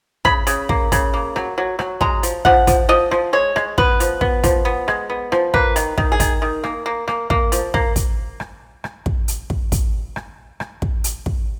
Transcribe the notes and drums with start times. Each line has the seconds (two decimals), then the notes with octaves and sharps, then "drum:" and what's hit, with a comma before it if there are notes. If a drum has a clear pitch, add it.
0.25 C#3 B5, drum: kick
0.47 C#3, drum: hi-hat
0.69 A#3, drum: kick
0.92 C#3, drum: kick, hi-hat
1.14 A#3
1.36 F#3, drum: rim click
1.58 F#3
1.79 F#3, drum: rim click
2.01 G#3 A#5, drum: kick
2.23 F3, drum: hi-hat
2.45 F3 F#5, drum: kick
2.67 F3, drum: kick, hi-hat
2.89 F3 D#5
3.11 F3, drum: rim click
3.33 G#3 C#5
3.56 G#3, drum: rim click
3.78 B3 B4, drum: kick
4.00 F3, drum: hi-hat
4.21 B3, drum: kick
4.44 F3, drum: kick, hi-hat
4.65 B3
4.88 G#3, drum: rim click
5.10 B3
5.32 F3, drum: rim click
5.54 A#3 B4, drum: kick
5.76 D#3, drum: hi-hat
5.98 D#3, drum: kick
6.12 G#4
6.20 D#3, drum: kick, hi-hat
6.42 D#3
6.64 A#3, drum: rim click
6.86 A#3
7.08 A#3, drum: rim click
7.30 A#3, drum: kick
7.52 F3, drum: hi-hat
7.74 A#3, drum: kick
7.96 drum: kick, hi-hat
8.40 drum: rim click
8.84 drum: rim click
9.06 drum: kick
9.28 drum: hi-hat
9.50 drum: kick
9.72 drum: kick, hi-hat
10.16 drum: rim click
10.60 drum: rim click
10.82 drum: kick
11.04 drum: hi-hat
11.26 drum: kick